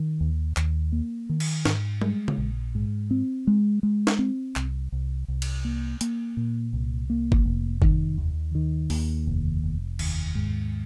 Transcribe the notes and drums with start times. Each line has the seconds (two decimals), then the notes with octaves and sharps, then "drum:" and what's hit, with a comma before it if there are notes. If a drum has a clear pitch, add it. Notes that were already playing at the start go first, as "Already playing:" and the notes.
Already playing: D#3
0.21 D#2
0.57 D#2, drum: clap
0.92 A#3
1.29 D#3
1.40 drum: cymbal
1.65 G#2, drum: snare
2.02 G#3, drum: tom G3
2.28 drum: tom C#3
2.38 A#1
2.75 G#2
3.11 C4
3.47 G#3
3.83 G#3
4.07 drum: snare
4.19 C4
4.56 C2, drum: clap
4.92 C2
5.28 C2
5.42 drum: cymbal
5.65 A#3
6.01 A#3, drum: hi-hat
6.37 A#2
6.73 C2
7.10 A#3
7.32 drum: kick G1
7.46 F1
7.82 D#3, drum: kick G1
8.18 D#2
8.55 D#3
8.90 D#2, drum: open hi-hat
9.27 F1
9.64 F1
9.99 D#2, drum: cymbal
10.35 G#2